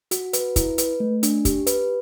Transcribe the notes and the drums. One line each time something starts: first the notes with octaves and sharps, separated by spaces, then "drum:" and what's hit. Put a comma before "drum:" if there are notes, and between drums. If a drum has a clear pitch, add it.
F#4, drum: hi-hat
B4, drum: hi-hat
E4, drum: kick, hi-hat
B4, drum: hi-hat
A3
D4, drum: hi-hat
G4, drum: kick, hi-hat
B4, drum: hi-hat